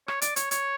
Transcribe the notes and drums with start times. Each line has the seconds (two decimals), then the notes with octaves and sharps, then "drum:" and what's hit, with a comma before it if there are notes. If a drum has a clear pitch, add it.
0.08 C#5, drum: rim click
0.22 D5, drum: hi-hat
0.36 C#5, drum: hi-hat
0.51 C#5, drum: hi-hat